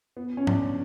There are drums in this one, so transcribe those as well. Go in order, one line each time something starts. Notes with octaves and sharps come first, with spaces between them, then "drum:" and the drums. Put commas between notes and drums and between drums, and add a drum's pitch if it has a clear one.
B3
C#4
D4, drum: tom G#2